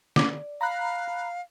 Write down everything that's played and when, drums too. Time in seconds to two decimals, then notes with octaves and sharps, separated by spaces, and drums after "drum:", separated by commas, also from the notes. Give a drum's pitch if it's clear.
0.16 D5, drum: snare
0.61 F5 A#5 B5 F#6